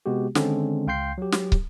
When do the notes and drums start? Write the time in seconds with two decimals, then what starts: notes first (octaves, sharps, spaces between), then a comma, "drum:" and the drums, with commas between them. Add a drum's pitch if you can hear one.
0.06 C3 G#3 B3 F#4 G4
0.35 D3 D#3 G#3 C4 C#4 A4, drum: snare
0.87 C#2 F5 G5 C6 G6 C7
1.18 F#3 G4
1.32 drum: snare
1.52 drum: kick